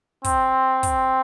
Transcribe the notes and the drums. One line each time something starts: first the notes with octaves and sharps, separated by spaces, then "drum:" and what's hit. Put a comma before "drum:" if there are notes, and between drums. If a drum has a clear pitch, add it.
C4, drum: kick, hi-hat
drum: kick, hi-hat